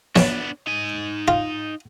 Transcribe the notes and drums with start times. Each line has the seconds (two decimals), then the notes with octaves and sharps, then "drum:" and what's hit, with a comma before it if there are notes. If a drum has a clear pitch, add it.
0.16 B3 D4 C#5, drum: snare
0.67 D#4 G#5
1.28 F4